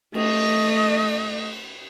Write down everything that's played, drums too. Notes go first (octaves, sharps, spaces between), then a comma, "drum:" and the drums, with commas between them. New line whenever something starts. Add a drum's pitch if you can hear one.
A3 D#5, drum: cymbal